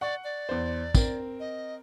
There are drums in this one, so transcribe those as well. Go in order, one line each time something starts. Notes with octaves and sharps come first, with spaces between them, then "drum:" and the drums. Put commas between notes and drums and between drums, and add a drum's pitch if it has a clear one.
D5 F#5 C#6
D5
E2 C5
C4 A#4, drum: kick, tambourine
D#5